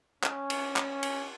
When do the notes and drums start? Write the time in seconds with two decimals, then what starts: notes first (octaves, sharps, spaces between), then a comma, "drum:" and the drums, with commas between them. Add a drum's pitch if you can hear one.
0.24 C#4, drum: clap
0.50 drum: cymbal
0.76 drum: clap
1.03 drum: cymbal